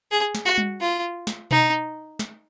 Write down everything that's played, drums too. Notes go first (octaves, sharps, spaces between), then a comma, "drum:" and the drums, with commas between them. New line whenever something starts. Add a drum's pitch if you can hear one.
G#4
drum: snare
F#4
drum: tom G3
F4
drum: snare
D#4, drum: tom B2
drum: snare